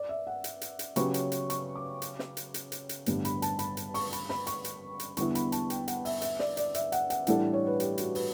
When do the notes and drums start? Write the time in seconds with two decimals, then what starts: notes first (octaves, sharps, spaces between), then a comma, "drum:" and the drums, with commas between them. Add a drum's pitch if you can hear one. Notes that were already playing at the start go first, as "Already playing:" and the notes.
Already playing: D5
0.09 E5
0.27 F#5
0.44 drum: hi-hat
0.61 drum: hi-hat
0.79 drum: hi-hat
0.96 C#3 F#3 C#4 G4 B4 C#6, drum: hi-hat
1.14 drum: hi-hat
1.32 drum: hi-hat
1.50 C#6, drum: hi-hat
1.76 D6
2.02 drum: hi-hat
2.19 drum: snare
2.37 drum: hi-hat
2.54 drum: hi-hat
2.72 drum: hi-hat
2.89 drum: hi-hat
3.06 A1 G2 D3 G3 B3, drum: hi-hat
3.25 B5, drum: hi-hat
3.42 A5, drum: hi-hat
3.59 B5, drum: hi-hat
3.77 drum: hi-hat
3.94 C#6, drum: open hi-hat
4.13 B5, drum: hi-hat
4.29 B5, drum: snare
4.47 C#6, drum: hi-hat
4.64 drum: hi-hat
5.00 drum: hi-hat
5.17 E2 D3 G3 B3 E4 C#6, drum: hi-hat
5.35 B5, drum: hi-hat
5.52 A5, drum: hi-hat
5.70 G5, drum: hi-hat
5.88 F#5, drum: hi-hat
6.05 E5, drum: open hi-hat
6.22 E5, drum: hi-hat
6.39 D5, drum: snare
6.57 D5, drum: hi-hat
6.75 E5, drum: hi-hat
6.92 F#5, drum: hi-hat
7.10 F#5, drum: hi-hat
7.27 A2 E3 G3 D4 A4 F#5, drum: hi-hat
7.53 C#5
7.67 B4
7.80 G4, drum: hi-hat
7.98 F#4, drum: hi-hat
8.15 B4, drum: open hi-hat